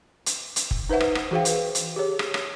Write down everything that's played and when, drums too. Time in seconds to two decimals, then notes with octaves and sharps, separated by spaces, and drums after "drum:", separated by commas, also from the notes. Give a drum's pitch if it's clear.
0.26 drum: hi-hat
0.56 drum: hi-hat
0.71 drum: kick F1
0.89 D#4 B4 C5 E5 F#5
1.00 drum: rim click
1.15 drum: rim click
1.31 E3 F#4 G#4 C5 F5 G5
1.45 B4, drum: hi-hat
1.75 drum: hi-hat
1.96 G4 G#4 C#5
2.19 drum: rim click
2.34 drum: rim click